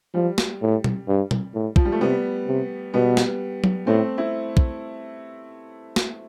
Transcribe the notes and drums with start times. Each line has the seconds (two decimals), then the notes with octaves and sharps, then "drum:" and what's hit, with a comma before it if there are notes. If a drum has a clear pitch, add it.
0.14 F3 G3
0.38 drum: snare
0.62 A2
0.84 drum: tom B2
1.08 G2
1.31 drum: tom B2
1.54 A2
1.76 F3, drum: kick
1.85 G3
1.92 A3
2.00 C3 G3 B3
2.47 C3
2.93 B2 G3 B3
3.17 drum: snare
3.64 drum: tom F#3
3.87 A2 A3 C4
4.18 C4 E4
4.57 drum: kick
5.96 drum: snare